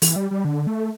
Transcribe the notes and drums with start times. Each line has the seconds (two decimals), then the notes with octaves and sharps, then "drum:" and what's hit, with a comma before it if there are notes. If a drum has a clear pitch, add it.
0.02 E3, drum: open hi-hat
0.16 G3
0.31 G3
0.45 D3
0.67 A3